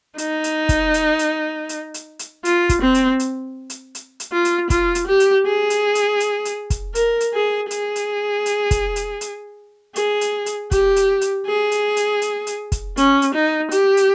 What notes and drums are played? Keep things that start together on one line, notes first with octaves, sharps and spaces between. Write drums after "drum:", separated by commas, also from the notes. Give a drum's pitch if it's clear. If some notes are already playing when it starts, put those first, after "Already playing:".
D#4, drum: hi-hat
drum: hi-hat
drum: kick, hi-hat
drum: hi-hat
drum: hi-hat
drum: hi-hat
drum: hi-hat
drum: hi-hat
F4, drum: hi-hat
drum: kick, hi-hat
C4
drum: hi-hat
drum: hi-hat
drum: hi-hat
drum: hi-hat
drum: hi-hat
F4
drum: hi-hat
F4, drum: kick, hi-hat
drum: hi-hat
G4
drum: hi-hat
G#4
drum: hi-hat
drum: hi-hat
drum: hi-hat
drum: hi-hat
drum: kick, hi-hat
A#4, drum: hi-hat
drum: hi-hat
G#4
G#4, drum: hi-hat
drum: hi-hat
drum: hi-hat
drum: kick, hi-hat
drum: hi-hat
drum: hi-hat
G#4, drum: hi-hat
drum: hi-hat
drum: hi-hat
G4, drum: kick, hi-hat
drum: hi-hat
drum: hi-hat
G#4
drum: hi-hat
drum: hi-hat
drum: hi-hat
drum: hi-hat
drum: kick, hi-hat
C#4, drum: hi-hat
drum: hi-hat
D#4
G4, drum: hi-hat
drum: hi-hat